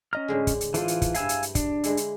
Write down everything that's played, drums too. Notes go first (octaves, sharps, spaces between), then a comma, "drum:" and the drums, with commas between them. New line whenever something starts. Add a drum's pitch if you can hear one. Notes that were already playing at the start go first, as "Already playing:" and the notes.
C#4 D#5 A#5 F6
A2 D3 G#3
drum: kick, hi-hat
drum: hi-hat
E3 F4 A4 C5 D5, drum: hi-hat
drum: hi-hat
drum: kick, hi-hat
G2 E4 F5 G#5 E6, drum: hi-hat
drum: hi-hat
drum: hi-hat
D4, drum: kick, hi-hat
D3 G#3 E4, drum: hi-hat
drum: hi-hat